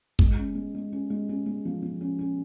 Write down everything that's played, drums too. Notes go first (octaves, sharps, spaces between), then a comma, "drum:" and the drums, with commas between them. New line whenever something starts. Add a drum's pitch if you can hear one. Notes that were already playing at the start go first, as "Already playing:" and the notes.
G#3, drum: kick
C#4
G#3
G#3
C#4
G#3
C#4
G#3
F3
F3
C#4
C#4